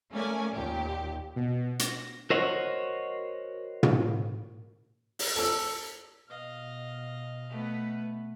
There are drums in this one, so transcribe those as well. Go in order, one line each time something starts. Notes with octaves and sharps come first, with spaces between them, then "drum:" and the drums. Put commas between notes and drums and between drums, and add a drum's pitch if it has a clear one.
A3 A#3 C#4 A#4 D5 G#5
D#2 A#2 G4
B2
A#6, drum: hi-hat
F#4 A#4 C5 C#5 D#5 F#5
drum: tom
drum: open hi-hat
A4 E6
B2 D#5 F5
A3 B3 B4